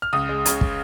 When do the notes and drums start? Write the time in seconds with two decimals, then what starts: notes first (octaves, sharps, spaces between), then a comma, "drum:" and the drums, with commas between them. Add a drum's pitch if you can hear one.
0.02 F6
0.13 C#2 D#6
0.29 G#3
0.45 C#3, drum: hi-hat
0.61 drum: kick